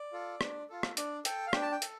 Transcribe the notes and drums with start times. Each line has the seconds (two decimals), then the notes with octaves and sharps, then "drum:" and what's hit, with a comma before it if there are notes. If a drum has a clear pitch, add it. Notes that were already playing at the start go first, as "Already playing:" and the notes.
Already playing: D5
0.13 F4 A4
0.41 D4, drum: rim click
0.70 F4 A4
0.83 drum: rim click
0.97 D4 D5, drum: hi-hat
1.25 A4 G5, drum: hi-hat
1.47 F5
1.53 D4 G5, drum: rim click
1.62 A5
1.72 G5
1.82 A4, drum: hi-hat